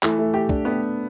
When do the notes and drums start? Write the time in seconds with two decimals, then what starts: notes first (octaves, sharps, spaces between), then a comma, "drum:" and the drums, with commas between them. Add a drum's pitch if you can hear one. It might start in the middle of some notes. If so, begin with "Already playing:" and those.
0.03 E3 A3, drum: clap
0.19 A3
0.34 A3 G4
0.49 D4, drum: kick
0.65 A3 B3